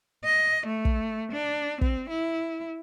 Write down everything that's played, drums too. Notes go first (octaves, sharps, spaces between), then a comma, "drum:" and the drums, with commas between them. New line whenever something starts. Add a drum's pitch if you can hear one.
D#5
A3
drum: kick
D4
C4, drum: kick
E4